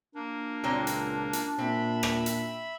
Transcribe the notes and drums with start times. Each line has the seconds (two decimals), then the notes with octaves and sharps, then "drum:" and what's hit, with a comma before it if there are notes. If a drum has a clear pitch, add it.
0.15 A#3 D4
0.64 C#2 A#2 F#3 C4
0.87 drum: hi-hat
1.33 drum: hi-hat
1.58 A#2 C4 E5 B5
2.03 drum: rim click
2.26 drum: hi-hat